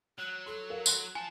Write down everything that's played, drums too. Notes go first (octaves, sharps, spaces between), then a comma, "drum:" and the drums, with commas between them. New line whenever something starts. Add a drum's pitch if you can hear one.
F#3 F#6
A4 C6
A#4 F5
F#5 C6 F#6, drum: tambourine
F4 G#5 A5